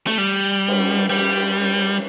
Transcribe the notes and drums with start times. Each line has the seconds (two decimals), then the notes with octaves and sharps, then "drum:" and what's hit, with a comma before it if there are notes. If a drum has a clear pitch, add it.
0.07 A3, drum: snare
0.18 G3
0.68 drum: cymbal
1.10 G3